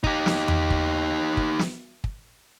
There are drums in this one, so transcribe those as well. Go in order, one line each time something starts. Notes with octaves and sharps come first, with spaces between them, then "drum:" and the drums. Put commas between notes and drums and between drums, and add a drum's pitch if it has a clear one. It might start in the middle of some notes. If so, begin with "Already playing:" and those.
D#4 G4, drum: kick
drum: snare
drum: tom E2
drum: kick
drum: kick
drum: snare
drum: kick